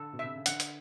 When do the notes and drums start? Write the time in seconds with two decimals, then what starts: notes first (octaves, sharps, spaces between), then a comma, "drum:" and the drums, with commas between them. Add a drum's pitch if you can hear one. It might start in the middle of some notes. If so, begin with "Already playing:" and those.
Already playing: D3 A4
0.13 B2
0.19 C3 E5
0.36 C#3
0.46 D3 F#5, drum: hi-hat
0.60 drum: hi-hat